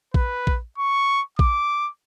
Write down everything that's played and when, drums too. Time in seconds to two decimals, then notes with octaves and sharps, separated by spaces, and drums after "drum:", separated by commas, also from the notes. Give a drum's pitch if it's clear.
0.14 B4, drum: kick A#1
0.47 drum: kick A#1
0.78 C#6
1.39 D6, drum: kick A#1